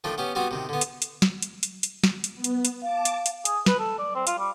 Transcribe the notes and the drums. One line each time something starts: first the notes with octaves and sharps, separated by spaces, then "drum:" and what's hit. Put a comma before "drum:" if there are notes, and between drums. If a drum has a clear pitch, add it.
D#3 F3 A3 D4
B3 C#4 G4
G3 B3 C4 F#4
C3 D#3
D3 B3
drum: hi-hat
drum: hi-hat
drum: snare
drum: hi-hat
drum: hi-hat
drum: hi-hat
drum: snare
drum: hi-hat
B3
drum: hi-hat
drum: hi-hat
F5 A5 D6
drum: hi-hat
drum: hi-hat
G#4, drum: hi-hat
B4, drum: snare
A4
D5
C4
F4, drum: hi-hat
G3